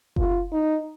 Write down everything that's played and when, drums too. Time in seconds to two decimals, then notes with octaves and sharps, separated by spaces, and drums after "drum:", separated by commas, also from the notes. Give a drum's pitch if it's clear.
0.16 F4, drum: kick F#1
0.52 D#4